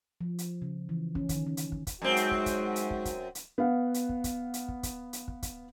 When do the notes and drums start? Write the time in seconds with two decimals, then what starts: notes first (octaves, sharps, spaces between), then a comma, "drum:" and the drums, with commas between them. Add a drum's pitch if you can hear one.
0.21 F3
0.38 drum: hi-hat
0.62 C#3
0.89 E3
1.15 C#4, drum: kick
1.29 D#3, drum: kick, hi-hat
1.47 C#4
1.57 drum: hi-hat
1.72 drum: kick
1.87 drum: kick, hi-hat
2.02 F#2 G#3 C4 D#4 F#4
2.16 drum: hi-hat
2.31 drum: kick
2.46 drum: kick, hi-hat
2.76 drum: hi-hat
2.91 drum: kick
3.05 drum: kick, hi-hat
3.35 drum: hi-hat
3.58 B3 F5 F#5
3.94 drum: hi-hat
4.09 drum: kick
4.24 drum: kick, hi-hat
4.54 drum: hi-hat
4.68 drum: kick
4.83 drum: kick, hi-hat
5.13 drum: hi-hat
5.28 drum: kick
5.43 drum: kick, hi-hat